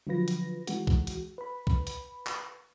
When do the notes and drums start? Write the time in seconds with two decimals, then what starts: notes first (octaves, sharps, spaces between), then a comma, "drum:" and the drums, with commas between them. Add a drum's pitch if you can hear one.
0.07 D3 F3 F#3 F4 B4 A#6
0.28 drum: hi-hat
0.67 E3 G#3 F#4, drum: hi-hat
0.87 drum: kick B1
1.07 drum: hi-hat
1.38 B4 B5
1.67 drum: kick B1
1.87 drum: hi-hat
2.27 drum: clap